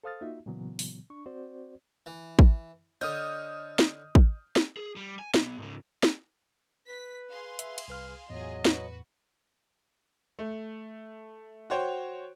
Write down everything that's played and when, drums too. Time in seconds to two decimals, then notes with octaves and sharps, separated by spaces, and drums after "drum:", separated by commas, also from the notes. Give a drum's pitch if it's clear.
0.04 A4 C5 F5 D#6 F6 A6
0.21 A#3 D#4 F4 F#4 E5
0.46 A#2 C#3 E3 F#3 B3
0.79 drum: open hi-hat
1.10 D4 C#6
1.26 C4 F#4 C5 D5
2.06 E3
2.39 drum: kick
3.01 D3 C#5 D#5 D#6 F6 G6
3.79 drum: snare
4.15 drum: kick
4.56 drum: snare
4.77 G#4
4.96 G3
5.19 G#5
5.34 B1 B3, drum: snare
5.58 G#2 C#3
6.03 drum: snare
6.88 B4 B6
7.30 G#4 F5 C6
7.59 E5, drum: hi-hat
7.78 drum: cymbal
7.88 C2 B4 F6
8.30 E2 A2 F#3 F4 G#4 D#5
8.65 F#4 B4, drum: snare
10.39 A3
11.70 F#4 C5 C#5 G5